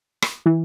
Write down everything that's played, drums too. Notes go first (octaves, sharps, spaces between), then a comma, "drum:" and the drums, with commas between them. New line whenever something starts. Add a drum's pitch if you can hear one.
drum: rim click
E3